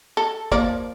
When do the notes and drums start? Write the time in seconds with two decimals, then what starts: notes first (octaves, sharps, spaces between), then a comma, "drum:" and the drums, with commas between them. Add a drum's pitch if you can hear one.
0.17 A4
0.52 F3 A#3 D5, drum: kick